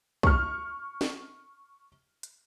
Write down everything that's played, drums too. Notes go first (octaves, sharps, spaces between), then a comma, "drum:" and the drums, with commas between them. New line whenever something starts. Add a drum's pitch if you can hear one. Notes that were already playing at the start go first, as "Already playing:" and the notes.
C#6 F6, drum: kick
drum: snare
drum: hi-hat